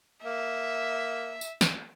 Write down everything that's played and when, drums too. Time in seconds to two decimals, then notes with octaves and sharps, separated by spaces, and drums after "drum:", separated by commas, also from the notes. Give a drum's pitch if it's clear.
0.24 A#3 E5
1.41 drum: tambourine
1.61 drum: snare